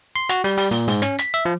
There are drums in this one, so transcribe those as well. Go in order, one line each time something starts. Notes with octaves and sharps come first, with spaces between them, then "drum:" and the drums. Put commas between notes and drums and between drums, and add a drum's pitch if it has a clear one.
C6
F#4, drum: hi-hat
G3, drum: open hi-hat
G3, drum: open hi-hat
A#2, drum: open hi-hat
G#2, drum: open hi-hat
C#4, drum: hi-hat
B6, drum: hi-hat
E5
F3